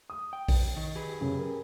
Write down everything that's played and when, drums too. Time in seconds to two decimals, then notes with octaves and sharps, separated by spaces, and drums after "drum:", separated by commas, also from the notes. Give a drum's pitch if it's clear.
0.10 D#6
0.33 G5
0.48 drum: kick A#1, open hi-hat
0.77 D#3
0.96 G4 G#4 B4
1.21 F#2 C#3
1.39 A#4